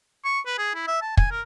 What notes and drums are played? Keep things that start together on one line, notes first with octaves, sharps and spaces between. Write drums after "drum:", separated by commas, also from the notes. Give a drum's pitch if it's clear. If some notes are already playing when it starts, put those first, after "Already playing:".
C#6
B4
G#4
E4
E5
A5
G#5, drum: kick
A#4